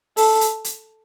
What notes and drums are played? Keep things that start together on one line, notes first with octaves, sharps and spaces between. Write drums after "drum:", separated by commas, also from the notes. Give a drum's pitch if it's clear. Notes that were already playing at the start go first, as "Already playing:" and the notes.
A4, drum: open hi-hat
drum: hi-hat
drum: hi-hat